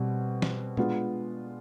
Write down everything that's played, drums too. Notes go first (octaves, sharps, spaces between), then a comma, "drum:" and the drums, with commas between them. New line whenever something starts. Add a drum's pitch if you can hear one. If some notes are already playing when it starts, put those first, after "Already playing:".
Already playing: B2 G3 C4
drum: snare
G#3 B3 D4 F4, drum: tom A#2